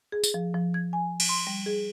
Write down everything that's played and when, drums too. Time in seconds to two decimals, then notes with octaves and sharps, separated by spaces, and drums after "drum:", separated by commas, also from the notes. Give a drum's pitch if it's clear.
0.12 G#4
0.24 drum: tambourine
0.34 F3
0.54 F3
0.74 G#6
0.93 G#5
1.20 drum: cymbal
1.29 C6
1.47 G3
1.66 G#4